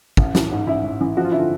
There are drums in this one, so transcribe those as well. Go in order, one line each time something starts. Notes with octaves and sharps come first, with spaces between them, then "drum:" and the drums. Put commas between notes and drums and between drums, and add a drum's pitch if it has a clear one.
A1, drum: kick
E3, drum: snare
G#2
A1 E4
A1
E3
F3 F#4
F4
D3 E4
F4